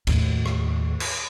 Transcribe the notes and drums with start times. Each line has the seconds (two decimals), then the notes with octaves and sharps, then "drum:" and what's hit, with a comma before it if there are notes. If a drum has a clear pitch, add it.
0.07 D#2 A2, drum: cymbal
0.46 drum: rim click
1.00 drum: cymbal